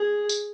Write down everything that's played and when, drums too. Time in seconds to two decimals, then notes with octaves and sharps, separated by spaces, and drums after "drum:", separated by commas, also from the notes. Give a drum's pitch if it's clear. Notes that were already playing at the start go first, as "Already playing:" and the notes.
Already playing: G#4
0.29 drum: tambourine